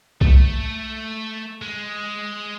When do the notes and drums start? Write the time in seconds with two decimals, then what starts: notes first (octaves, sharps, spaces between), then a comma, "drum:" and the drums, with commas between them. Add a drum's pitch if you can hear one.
0.21 A3, drum: kick
1.62 G#3